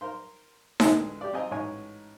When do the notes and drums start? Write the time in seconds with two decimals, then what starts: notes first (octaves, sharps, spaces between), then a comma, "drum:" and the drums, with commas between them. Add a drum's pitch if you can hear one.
0.01 A#4 C5 C6
0.80 A1 D2 G#3 G#5 D#6 E6, drum: snare D#4
1.21 G4 D5
1.33 C4 C5 D#5 G#5 A#5
1.51 A1 G#2 C#4 C#5 G#5